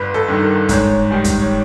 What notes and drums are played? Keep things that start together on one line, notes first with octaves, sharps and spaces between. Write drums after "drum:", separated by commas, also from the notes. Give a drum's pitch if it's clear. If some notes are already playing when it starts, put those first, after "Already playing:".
Already playing: G1 B4
A4
G2 D#3
A#4
G#2 C#5, drum: kick, hi-hat
D#3 G3
drum: kick, hi-hat
C#5